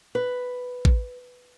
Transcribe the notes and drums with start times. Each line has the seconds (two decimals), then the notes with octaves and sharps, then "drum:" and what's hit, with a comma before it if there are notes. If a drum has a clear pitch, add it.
0.15 B4
0.85 drum: kick